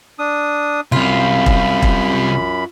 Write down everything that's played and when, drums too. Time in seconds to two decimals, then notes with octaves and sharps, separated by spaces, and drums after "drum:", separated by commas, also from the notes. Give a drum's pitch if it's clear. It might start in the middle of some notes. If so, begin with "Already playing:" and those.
0.19 D4 D#6
0.92 C2 F#2 C3 F4 B5
1.46 drum: kick E1
1.82 drum: kick E1